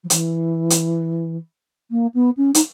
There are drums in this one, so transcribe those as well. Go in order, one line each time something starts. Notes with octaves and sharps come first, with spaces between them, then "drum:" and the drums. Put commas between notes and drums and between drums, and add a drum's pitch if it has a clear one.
F3
E3, drum: hi-hat
drum: hi-hat
A#3
B3
C#4
D#4, drum: hi-hat